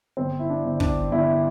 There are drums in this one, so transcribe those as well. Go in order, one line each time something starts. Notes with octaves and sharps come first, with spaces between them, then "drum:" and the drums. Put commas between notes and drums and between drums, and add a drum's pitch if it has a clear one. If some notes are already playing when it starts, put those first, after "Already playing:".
G1 C4
E4
D4
G1
D4, drum: kick
G1 E4